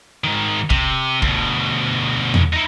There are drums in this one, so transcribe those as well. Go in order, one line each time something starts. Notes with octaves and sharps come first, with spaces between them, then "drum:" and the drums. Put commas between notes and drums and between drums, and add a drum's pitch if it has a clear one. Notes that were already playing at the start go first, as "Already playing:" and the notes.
G#2 D#3
C3, drum: kick
D2 B2, drum: kick
drum: tom E2
D#4 E4